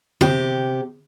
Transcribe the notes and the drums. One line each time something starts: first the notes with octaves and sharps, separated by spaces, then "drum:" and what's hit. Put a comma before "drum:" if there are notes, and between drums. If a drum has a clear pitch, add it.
C3 G4, drum: tom